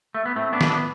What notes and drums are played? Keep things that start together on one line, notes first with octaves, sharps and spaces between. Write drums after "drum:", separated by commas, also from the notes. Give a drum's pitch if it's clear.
A3
B3
A2 A3 C4
B3 D4
E3, drum: snare
B3 D4